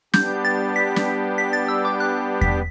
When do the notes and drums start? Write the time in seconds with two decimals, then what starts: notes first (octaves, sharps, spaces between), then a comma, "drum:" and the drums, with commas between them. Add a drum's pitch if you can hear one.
0.14 G3 B3 D4 G4 G6, drum: snare
0.45 A6
0.76 B6
0.96 drum: snare
1.38 B6
1.53 A6
1.68 E6
1.85 D6
2.00 F#6
2.41 B6, drum: kick E2